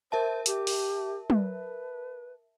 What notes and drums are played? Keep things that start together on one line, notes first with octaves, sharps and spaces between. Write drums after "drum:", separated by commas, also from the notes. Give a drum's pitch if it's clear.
A#4 C5 E5 A5
G4, drum: hi-hat
drum: open hi-hat
B4, drum: tom